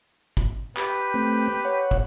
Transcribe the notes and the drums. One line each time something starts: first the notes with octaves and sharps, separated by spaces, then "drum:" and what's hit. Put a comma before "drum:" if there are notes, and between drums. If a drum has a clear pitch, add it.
drum: kick
G4 B4 G5, drum: clap
A3 C4
C#5 F#5
drum: kick